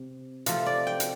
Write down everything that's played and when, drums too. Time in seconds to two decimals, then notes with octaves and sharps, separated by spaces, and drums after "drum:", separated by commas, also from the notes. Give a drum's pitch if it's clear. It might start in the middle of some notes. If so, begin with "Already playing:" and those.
Already playing: C3
0.46 C3 F3 A3 F5, drum: hi-hat
0.66 D5
0.87 G5
1.00 drum: hi-hat